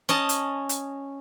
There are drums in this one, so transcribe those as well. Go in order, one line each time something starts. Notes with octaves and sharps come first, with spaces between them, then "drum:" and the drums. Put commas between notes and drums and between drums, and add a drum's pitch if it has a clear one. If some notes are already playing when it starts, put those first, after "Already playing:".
C#4 D#5 A5
drum: hi-hat
drum: hi-hat